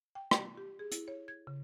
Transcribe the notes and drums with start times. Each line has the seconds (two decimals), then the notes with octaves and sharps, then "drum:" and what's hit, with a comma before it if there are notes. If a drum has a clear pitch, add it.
0.15 G5
0.31 A#5, drum: rim click
0.57 G4
0.79 G#4
0.92 E4, drum: hi-hat
1.08 C#5
1.28 G#6
1.47 C#3